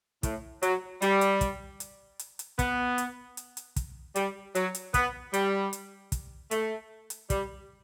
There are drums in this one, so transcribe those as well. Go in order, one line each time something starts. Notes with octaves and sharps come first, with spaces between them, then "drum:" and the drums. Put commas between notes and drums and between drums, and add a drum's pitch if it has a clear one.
A2, drum: kick, hi-hat
F#3, drum: hi-hat
G3, drum: hi-hat
drum: hi-hat
drum: kick, hi-hat
drum: hi-hat
drum: hi-hat
drum: hi-hat
B3, drum: kick, hi-hat
drum: hi-hat
drum: hi-hat
drum: hi-hat
drum: kick, hi-hat
G3, drum: hi-hat
F#3, drum: hi-hat
drum: hi-hat
B3, drum: kick, hi-hat
G3, drum: hi-hat
drum: hi-hat
drum: kick, hi-hat
A3, drum: hi-hat
drum: hi-hat
G3, drum: kick, hi-hat